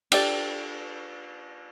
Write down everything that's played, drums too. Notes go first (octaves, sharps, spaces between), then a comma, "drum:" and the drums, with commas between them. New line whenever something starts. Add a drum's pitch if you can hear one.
D4 G4 A4 D5, drum: cymbal